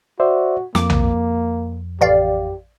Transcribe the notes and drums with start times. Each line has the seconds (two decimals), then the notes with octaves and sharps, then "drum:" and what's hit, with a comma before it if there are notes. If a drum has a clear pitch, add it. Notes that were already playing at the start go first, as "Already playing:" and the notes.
0.20 F#4 C5 D5 E5
0.75 F2 A#3 D6, drum: snare
0.90 drum: tom B1
2.01 A1 G4 D5 F5